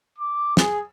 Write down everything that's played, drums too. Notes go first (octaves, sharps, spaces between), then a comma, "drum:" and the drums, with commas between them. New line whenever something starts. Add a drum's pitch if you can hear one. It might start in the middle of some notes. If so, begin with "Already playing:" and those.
D6
G#4, drum: snare